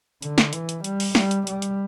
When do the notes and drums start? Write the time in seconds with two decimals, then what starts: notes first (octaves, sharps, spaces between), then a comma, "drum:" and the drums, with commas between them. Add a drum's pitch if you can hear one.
0.22 D3, drum: hi-hat
0.38 drum: snare
0.53 E3, drum: hi-hat
0.69 drum: hi-hat
0.84 G3, drum: hi-hat
1.00 drum: open hi-hat
1.15 G3, drum: snare
1.31 drum: hi-hat
1.47 G3, drum: hi-hat
1.62 drum: hi-hat